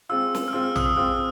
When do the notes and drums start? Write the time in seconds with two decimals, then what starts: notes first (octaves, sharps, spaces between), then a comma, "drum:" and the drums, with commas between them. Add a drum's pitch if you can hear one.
0.09 G#3 C4 F4 E6
0.35 drum: snare
0.48 F6
0.53 G#3 C4 F4 E6
0.64 F6
0.76 D#6, drum: tom A#1
0.86 D#6
0.96 G#3 C4 F4 F6